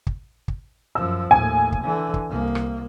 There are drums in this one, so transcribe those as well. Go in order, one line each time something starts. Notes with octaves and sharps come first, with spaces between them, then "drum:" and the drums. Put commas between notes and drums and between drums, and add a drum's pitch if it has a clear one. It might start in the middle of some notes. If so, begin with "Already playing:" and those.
drum: kick
drum: kick
F#2 F3 E6
D#2 A2 G#5
drum: kick
D3 E3
drum: kick
C2 A#3
drum: rim click